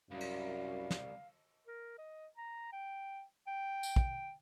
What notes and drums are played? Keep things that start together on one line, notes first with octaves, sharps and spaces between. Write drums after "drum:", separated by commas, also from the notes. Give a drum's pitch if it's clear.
C2 F#2 G3 F5
drum: cymbal
drum: snare
A#4
D#5
A#5
G5
G5
drum: tambourine
drum: kick